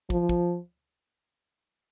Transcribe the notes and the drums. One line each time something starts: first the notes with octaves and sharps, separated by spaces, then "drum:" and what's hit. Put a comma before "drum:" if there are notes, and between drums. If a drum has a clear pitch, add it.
F3, drum: kick
drum: kick